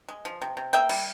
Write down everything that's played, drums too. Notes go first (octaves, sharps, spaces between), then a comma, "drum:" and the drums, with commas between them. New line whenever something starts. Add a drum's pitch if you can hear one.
G#3
F3
C3
C3
A#3 E5 G5
G3, drum: cymbal